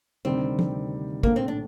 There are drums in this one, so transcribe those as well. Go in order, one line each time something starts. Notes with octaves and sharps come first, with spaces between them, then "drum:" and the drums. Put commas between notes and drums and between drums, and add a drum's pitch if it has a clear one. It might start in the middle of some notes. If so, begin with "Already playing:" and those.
D2 C3 D#3 G3 C4
drum: tom F3
A#1 A2 A3 A#3, drum: kick
C4
D4